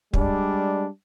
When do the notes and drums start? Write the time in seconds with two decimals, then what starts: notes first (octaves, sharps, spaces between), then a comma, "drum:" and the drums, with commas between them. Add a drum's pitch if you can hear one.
0.14 G3 G#3 D4, drum: kick